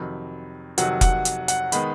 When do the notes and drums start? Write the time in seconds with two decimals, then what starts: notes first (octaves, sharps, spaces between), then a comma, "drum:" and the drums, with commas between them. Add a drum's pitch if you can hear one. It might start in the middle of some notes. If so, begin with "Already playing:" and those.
Already playing: F2 C3 D#3 F#3 B5
0.78 F2 C3 D#3 F#3 F#5, drum: hi-hat
1.01 F#5, drum: kick F1, hi-hat
1.25 drum: hi-hat
1.48 F#5, drum: hi-hat
1.72 D#3 G#3 B3 B5, drum: hi-hat